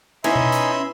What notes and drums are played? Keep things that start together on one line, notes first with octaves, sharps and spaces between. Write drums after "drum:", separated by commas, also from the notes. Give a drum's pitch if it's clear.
B3 C#4 D#4 E4 E5 G#5 B5 C6
drum: tom B2
drum: hi-hat